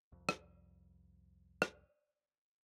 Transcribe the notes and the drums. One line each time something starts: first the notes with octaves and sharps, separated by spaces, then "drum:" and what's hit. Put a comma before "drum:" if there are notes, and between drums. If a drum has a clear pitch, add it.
C2 F2
drum: rim click
drum: rim click